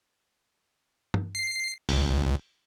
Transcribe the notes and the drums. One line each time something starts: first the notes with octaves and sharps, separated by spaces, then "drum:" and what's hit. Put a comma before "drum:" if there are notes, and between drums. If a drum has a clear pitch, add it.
drum: tom
C7
C#2, drum: open hi-hat